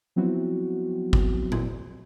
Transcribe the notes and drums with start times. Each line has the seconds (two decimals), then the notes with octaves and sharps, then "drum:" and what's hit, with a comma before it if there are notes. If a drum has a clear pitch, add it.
0.16 F3 F#3 B3 C4 E4 F#4
1.13 drum: kick G1
1.52 drum: tom